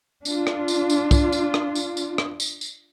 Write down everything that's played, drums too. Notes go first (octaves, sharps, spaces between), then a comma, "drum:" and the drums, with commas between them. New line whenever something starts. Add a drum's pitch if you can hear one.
D4 F4, drum: tambourine
drum: rim click
drum: tambourine
drum: tambourine
drum: kick, tambourine
drum: tambourine
drum: rim click
drum: tambourine
drum: tambourine
drum: rim click
drum: tambourine
drum: tambourine